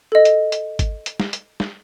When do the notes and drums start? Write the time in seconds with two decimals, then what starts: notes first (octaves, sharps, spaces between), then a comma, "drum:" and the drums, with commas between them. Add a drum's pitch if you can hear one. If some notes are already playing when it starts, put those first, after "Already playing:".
0.12 A4 D#5
0.25 drum: hi-hat
0.52 drum: hi-hat
0.79 drum: kick G#1, hi-hat
1.06 drum: hi-hat
1.20 drum: snare
1.33 drum: hi-hat
1.60 drum: snare